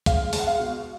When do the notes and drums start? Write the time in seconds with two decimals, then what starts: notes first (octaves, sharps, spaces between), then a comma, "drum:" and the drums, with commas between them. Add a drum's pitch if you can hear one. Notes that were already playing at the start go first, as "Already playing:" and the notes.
0.06 G#3 F5, drum: kick, hi-hat
0.33 G#3, drum: open hi-hat
0.39 F#5
0.47 F5
0.59 B2